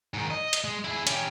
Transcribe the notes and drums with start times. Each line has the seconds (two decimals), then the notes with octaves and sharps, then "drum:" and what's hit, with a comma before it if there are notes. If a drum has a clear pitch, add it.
0.14 G#2 D#3
0.31 D#5
0.53 drum: hi-hat
0.64 G#3
0.84 E4 G#4
1.07 C#4 G4, drum: hi-hat